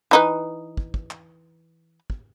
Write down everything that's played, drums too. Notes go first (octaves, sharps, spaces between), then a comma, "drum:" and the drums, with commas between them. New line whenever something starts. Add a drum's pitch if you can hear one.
E3 D#4 B4
drum: kick
drum: kick
drum: clap
drum: kick